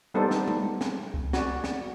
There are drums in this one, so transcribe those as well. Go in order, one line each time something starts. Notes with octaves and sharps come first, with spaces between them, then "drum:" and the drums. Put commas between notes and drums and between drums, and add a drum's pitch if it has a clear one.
G3 B3 D#4 A4 C5 D5
drum: snare
drum: tom G3
drum: snare
drum: kick C2
F#4 D5, drum: snare
drum: snare